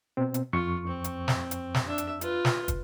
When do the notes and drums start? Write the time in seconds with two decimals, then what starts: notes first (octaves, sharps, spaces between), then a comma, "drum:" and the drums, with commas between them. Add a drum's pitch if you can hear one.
0.17 B2 C4
0.34 drum: hi-hat
0.53 F2 F4 C#6
0.87 C4
1.04 drum: hi-hat
1.28 drum: snare
1.51 drum: hi-hat
1.74 drum: snare
1.87 D4 E5
1.98 drum: hi-hat
2.21 F4 B4, drum: hi-hat
2.45 drum: snare
2.68 drum: kick, hi-hat